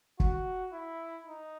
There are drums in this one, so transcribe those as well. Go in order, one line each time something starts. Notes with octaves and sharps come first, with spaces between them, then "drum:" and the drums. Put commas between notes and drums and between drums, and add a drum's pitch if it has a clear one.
F#4, drum: kick
E4
D#4